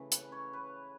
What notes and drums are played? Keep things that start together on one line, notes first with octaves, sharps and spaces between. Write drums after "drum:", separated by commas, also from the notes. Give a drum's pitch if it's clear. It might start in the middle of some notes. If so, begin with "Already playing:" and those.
Already playing: C#3 E3 A3
B4, drum: hi-hat
C#5
B4